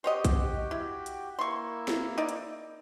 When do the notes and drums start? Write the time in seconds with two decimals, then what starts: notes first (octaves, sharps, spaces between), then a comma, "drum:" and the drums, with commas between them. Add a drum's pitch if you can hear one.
0.04 F#4 G4 C5 C#5 D#5
0.25 drum: kick A#1, hi-hat
0.71 E4
1.06 drum: hi-hat
1.39 A#3 E4 C6 C#6
1.88 drum: snare
2.18 D#4 D5
2.29 drum: hi-hat